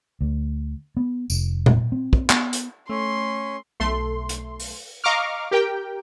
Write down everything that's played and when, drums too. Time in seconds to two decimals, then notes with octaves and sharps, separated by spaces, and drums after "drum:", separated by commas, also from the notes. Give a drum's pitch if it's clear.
0.21 D2
0.97 B3
1.30 F1, drum: tambourine
1.66 drum: tom A#2
1.92 C4
2.13 drum: kick
2.30 B3, drum: clap
2.53 drum: hi-hat
2.90 A3 C#4 C6
3.80 B1 A3 C6
4.29 drum: hi-hat
4.60 drum: open hi-hat
5.04 D#5 F5 A#5 C#6 D6 F6
5.51 G4 A#4 G5